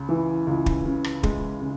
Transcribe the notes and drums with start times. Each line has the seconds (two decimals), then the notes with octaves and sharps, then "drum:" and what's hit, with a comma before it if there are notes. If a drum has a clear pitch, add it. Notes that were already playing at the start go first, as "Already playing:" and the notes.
Already playing: C#2 C#3
0.09 E3
0.47 C#2
0.66 drum: kick
0.85 C#3
1.04 drum: rim click
1.23 G#3, drum: kick
1.62 C#3